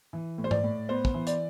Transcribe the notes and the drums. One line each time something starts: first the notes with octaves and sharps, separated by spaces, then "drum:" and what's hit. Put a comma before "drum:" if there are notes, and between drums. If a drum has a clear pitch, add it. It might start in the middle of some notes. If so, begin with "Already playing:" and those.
E3
A2
C5
D5, drum: tom G#2
A2
B3 C5
drum: kick
E3
D5, drum: hi-hat